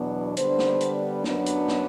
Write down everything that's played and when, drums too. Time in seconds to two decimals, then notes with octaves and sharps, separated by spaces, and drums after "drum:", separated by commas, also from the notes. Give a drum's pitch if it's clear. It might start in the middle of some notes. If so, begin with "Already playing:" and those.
Already playing: E2 B2 F#3 B3 D4
0.37 D3 G3 B3 D4 C5, drum: hi-hat
0.59 drum: snare
0.81 drum: hi-hat
1.24 F#2 F#3 B3 D4, drum: snare
1.46 drum: hi-hat
1.68 drum: snare